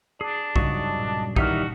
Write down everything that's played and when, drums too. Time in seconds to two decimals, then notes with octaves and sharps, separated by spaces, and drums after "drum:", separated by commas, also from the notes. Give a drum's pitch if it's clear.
0.21 D4 G#4
0.56 C#2 G2 C#3 F#3 D#4 D#5 A5 C#6, drum: kick
0.98 A#2 D#6
1.36 D#3 E3 G3 D#4 F#4 E5 F6, drum: kick